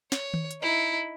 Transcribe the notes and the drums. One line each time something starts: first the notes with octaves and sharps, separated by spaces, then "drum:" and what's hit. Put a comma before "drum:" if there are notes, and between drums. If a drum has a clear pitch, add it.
C#5, drum: snare
drum: tom D#3
drum: hi-hat
D#4 E4